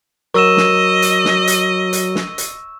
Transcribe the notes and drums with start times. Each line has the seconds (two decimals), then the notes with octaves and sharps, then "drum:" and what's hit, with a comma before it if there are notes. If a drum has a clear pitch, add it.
0.34 F#3 A#4 D#5 C#6 E6 E7
0.57 drum: snare
1.02 drum: hi-hat
1.25 drum: snare
1.47 drum: hi-hat
1.93 drum: hi-hat
2.15 drum: snare
2.38 drum: hi-hat